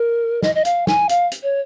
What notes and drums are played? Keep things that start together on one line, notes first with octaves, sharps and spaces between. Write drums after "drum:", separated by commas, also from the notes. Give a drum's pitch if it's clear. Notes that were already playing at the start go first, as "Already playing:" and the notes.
Already playing: A#4
D#5, drum: snare
D#5
F5, drum: hi-hat
G#5, drum: snare
F5, drum: hi-hat
drum: hi-hat
C#5